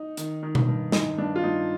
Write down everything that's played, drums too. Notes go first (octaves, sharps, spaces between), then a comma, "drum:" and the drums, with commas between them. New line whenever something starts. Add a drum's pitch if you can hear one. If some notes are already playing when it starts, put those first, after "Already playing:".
Already playing: D#4
D#3, drum: hi-hat
D#3
drum: tom B2
G2
D#3 D#4, drum: snare
G2 D4
F4
G2 D#4